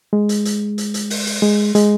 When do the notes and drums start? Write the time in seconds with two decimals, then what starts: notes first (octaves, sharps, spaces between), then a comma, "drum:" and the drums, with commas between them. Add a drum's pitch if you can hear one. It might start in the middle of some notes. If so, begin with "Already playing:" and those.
0.13 G#3
0.29 drum: hi-hat
0.45 drum: hi-hat
0.78 drum: hi-hat
0.94 drum: hi-hat
1.10 drum: open hi-hat
1.27 drum: open hi-hat
1.42 G#3
1.75 G#3, drum: hi-hat